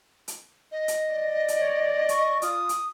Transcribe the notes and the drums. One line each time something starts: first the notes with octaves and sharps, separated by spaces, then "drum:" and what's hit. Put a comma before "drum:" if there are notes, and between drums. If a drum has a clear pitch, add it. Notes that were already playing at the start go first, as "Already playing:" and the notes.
drum: hi-hat
D#5
drum: hi-hat
D5
drum: hi-hat
C#5
C#6, drum: hi-hat
F4 D#6, drum: hi-hat
drum: hi-hat